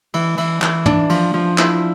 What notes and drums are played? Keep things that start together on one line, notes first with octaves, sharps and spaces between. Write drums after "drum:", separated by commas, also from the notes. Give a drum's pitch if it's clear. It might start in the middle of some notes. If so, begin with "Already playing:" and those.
E3, drum: cymbal
E3, drum: cymbal
E3, drum: clap
D4, drum: tom
F3, drum: cymbal
F3
E4, drum: clap